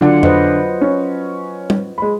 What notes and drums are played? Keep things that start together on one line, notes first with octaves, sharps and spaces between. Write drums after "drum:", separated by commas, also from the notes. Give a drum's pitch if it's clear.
D3 F#3 D4 F4 F#5
B4 C5 D#5, drum: tom F2
C#4
drum: tom
G#3 B5